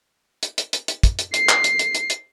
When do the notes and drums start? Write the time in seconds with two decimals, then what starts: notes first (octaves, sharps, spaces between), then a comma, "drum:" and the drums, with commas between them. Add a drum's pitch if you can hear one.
0.43 drum: hi-hat
0.58 drum: hi-hat
0.73 drum: hi-hat
0.88 drum: hi-hat
1.03 drum: kick, hi-hat
1.19 drum: hi-hat
1.34 C7, drum: hi-hat
1.49 drum: clap
1.64 drum: hi-hat
1.79 drum: hi-hat
1.95 drum: hi-hat
2.10 drum: hi-hat